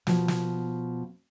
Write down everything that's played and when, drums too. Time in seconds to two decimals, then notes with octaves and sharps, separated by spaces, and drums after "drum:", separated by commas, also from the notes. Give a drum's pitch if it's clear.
0.07 B2 F3 B3, drum: snare
0.28 drum: snare